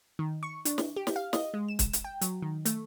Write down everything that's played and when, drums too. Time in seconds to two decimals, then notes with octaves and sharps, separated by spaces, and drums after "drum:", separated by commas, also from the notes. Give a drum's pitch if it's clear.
0.19 D#3
0.43 C#6
0.65 D4, drum: hi-hat
0.78 drum: snare
0.96 G4
1.07 drum: snare
1.16 F5
1.33 D#5, drum: snare
1.54 G#3
1.68 E7
1.79 drum: kick, hi-hat
1.93 drum: hi-hat
2.04 G5
2.21 F#3, drum: hi-hat
2.42 D#3
2.65 A3, drum: hi-hat